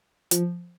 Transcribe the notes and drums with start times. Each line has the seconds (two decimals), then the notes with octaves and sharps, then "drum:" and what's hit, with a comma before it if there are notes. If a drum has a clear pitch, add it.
0.31 F3, drum: hi-hat